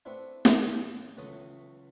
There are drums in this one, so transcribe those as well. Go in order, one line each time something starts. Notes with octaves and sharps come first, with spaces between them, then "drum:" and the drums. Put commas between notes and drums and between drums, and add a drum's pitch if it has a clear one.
A3 B3 C4 D4 E4
A1 F#2, drum: snare
C#2 E3 F#3 A3 A4 D#6